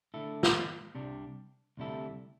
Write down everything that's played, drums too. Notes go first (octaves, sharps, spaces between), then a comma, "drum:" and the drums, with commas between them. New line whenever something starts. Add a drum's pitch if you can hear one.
D3 A3 E4 A4
drum: snare
C2 C3 G3 D4
D2 C3 G3 E4 A4